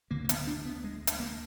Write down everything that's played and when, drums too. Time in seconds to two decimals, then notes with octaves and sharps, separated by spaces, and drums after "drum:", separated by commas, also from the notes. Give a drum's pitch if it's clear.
0.10 D2 D3 A#3
0.24 A#3
0.29 B3, drum: hi-hat
0.47 D4
0.65 B3
0.84 G#3
1.07 drum: hi-hat
1.20 A#3